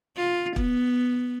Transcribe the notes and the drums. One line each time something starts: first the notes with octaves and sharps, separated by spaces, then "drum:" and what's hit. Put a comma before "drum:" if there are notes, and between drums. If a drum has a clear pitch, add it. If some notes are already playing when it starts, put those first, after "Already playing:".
F4
B3, drum: kick